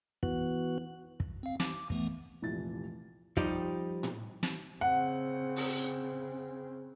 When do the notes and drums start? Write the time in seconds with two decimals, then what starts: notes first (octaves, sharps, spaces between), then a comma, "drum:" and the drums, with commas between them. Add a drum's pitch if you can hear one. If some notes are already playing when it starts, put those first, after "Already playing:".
0.23 E3 B3 F#4 F#6, drum: kick
1.20 drum: kick
1.43 C4 F5
1.60 D6, drum: snare
1.90 E3 A3 B3, drum: kick
2.42 F1 C2 A#2 E3 A6
3.37 F3 G3 D#4 G4, drum: kick
4.03 drum: tom A2
4.43 drum: snare
4.81 C#3 C4 F#5
5.56 drum: open hi-hat